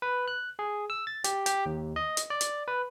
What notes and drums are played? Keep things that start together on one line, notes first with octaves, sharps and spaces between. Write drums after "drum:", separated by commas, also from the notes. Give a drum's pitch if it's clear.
B4
F#6
G#4
E6
A6
G4, drum: hi-hat
G4, drum: hi-hat
D#2
D#5
drum: hi-hat
D5
drum: hi-hat
B4